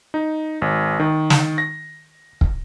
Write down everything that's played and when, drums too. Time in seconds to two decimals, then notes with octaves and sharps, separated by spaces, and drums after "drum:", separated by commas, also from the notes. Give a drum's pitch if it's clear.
0.14 D#4
0.62 G#1
1.00 D#3
1.30 drum: snare
1.58 A#6
2.41 drum: kick